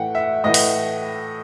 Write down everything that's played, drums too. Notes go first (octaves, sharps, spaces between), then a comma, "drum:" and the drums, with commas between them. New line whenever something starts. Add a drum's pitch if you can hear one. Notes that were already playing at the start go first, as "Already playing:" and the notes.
Already playing: A2 E3 A3 F#5 G5
E5
A2 E3 A3 D#5
drum: open hi-hat